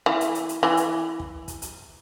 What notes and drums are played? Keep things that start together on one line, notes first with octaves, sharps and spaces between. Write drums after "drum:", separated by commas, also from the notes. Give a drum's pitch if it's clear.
E3
drum: hi-hat
drum: hi-hat
drum: hi-hat
E3
drum: hi-hat
drum: kick
drum: kick, hi-hat
drum: hi-hat